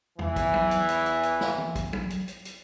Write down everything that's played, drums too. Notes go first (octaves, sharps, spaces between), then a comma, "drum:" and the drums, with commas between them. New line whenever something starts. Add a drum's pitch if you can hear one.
E2 E3, drum: tom E2
drum: kick, hi-hat
drum: tom F#3
drum: hi-hat
drum: hi-hat
drum: hi-hat
drum: hi-hat
drum: snare
drum: tom E3
drum: kick, hi-hat
drum: tom F#3
drum: hi-hat
drum: hi-hat
drum: hi-hat